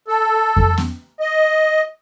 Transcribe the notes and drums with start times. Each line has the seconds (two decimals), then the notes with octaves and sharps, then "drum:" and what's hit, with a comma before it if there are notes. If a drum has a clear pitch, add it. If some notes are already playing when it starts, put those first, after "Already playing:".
0.08 A4
0.57 drum: kick F2
0.78 drum: snare B3
1.20 D#5